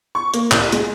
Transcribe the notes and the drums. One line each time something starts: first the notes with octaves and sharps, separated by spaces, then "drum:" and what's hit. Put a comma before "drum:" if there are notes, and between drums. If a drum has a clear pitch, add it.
C#6
A#3, drum: hi-hat
C2, drum: clap
G#3, drum: hi-hat